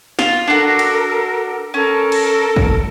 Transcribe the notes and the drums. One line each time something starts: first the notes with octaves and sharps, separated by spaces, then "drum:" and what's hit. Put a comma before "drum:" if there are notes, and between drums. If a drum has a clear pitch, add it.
F4, drum: snare
D4 F#4 A4 A#4
drum: cymbal
C#4 A4 A#4 A5
drum: cymbal
drum: kick